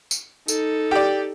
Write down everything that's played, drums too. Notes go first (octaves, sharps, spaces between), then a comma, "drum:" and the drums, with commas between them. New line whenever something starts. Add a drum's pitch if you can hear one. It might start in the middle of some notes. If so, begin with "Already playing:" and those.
drum: tambourine
D#4 A4, drum: tambourine
G4 D5